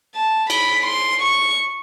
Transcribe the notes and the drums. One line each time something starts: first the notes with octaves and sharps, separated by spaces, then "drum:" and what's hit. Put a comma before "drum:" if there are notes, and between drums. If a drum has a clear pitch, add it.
A5
B5, drum: cymbal
C6
C#6